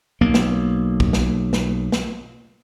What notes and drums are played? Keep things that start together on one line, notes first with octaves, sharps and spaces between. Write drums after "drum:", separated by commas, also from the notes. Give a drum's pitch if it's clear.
B1 A#3
drum: snare
drum: kick
drum: snare
drum: snare
drum: snare